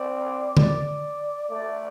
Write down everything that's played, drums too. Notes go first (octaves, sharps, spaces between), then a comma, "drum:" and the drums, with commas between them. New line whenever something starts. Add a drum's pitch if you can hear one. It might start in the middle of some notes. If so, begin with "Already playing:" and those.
Already playing: C4 D5
D5, drum: tom
A3 D5